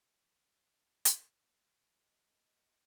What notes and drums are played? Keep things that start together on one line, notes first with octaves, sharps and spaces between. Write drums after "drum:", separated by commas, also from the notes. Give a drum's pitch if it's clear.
drum: hi-hat
G#3
D#5
F#2 F#4 F#5